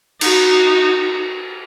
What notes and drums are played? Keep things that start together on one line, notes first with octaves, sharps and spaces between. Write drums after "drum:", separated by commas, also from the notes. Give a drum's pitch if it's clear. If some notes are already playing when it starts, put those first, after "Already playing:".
D#4 F#4, drum: cymbal